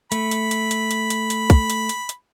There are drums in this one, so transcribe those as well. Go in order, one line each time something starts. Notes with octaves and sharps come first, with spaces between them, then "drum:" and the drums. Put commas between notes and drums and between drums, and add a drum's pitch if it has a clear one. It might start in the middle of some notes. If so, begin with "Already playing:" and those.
A3 B5, drum: hi-hat
drum: hi-hat
drum: hi-hat
drum: hi-hat
drum: hi-hat
drum: hi-hat
drum: hi-hat
drum: kick, hi-hat
drum: hi-hat
drum: hi-hat
drum: hi-hat